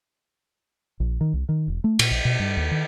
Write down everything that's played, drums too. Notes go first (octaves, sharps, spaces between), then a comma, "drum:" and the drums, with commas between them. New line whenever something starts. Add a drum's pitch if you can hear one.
A#1
D#3
C2
D#3
E1
A3
A#2, drum: cymbal
A#1
B2
G2
D#2
D#3